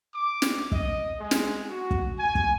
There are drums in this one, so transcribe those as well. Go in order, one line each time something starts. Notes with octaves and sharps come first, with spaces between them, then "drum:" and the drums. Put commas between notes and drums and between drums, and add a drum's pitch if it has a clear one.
D6
drum: snare
D#5, drum: kick
G#3
drum: snare
F#4
drum: kick
G#5
drum: kick